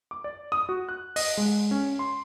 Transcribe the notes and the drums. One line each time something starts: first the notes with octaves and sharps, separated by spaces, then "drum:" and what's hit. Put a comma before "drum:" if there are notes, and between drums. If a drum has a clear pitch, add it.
D6
D5
D#6
F#4
F#6
D#5, drum: open hi-hat
G#3
C#4
C6